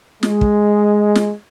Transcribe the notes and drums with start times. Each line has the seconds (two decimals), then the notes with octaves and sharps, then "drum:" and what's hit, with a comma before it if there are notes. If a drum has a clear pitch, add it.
0.23 G#3, drum: snare
0.41 drum: kick
1.15 drum: snare